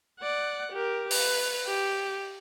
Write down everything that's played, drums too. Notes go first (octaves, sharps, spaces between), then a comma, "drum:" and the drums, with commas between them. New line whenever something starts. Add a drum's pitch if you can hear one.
D5 F#5
G4 A#4
B4, drum: open hi-hat
G4